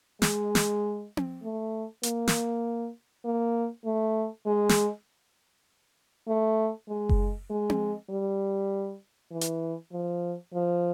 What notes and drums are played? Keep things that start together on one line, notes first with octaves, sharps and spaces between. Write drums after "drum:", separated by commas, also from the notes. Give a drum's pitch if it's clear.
G#3, drum: snare
drum: snare
drum: tom C4
A3
A#3, drum: hi-hat
drum: snare
A#3
A3
G#3
drum: snare
A3
G#3
drum: kick F#1
G#3
drum: tom C4
G3
E3
drum: hi-hat
F3
F3